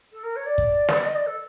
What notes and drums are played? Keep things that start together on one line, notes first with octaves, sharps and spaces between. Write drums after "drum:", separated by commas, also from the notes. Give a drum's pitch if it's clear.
A4
A#4
C#5
D5
drum: kick
drum: snare
D#5
D5
A4